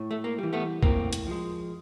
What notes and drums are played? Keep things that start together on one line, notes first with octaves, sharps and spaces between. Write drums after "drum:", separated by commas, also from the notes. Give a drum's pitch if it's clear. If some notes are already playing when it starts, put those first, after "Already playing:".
Already playing: A2
A3
A#3
E3 G3
A3 B3
A2 A#3 C4, drum: kick
drum: hi-hat
F3 G#3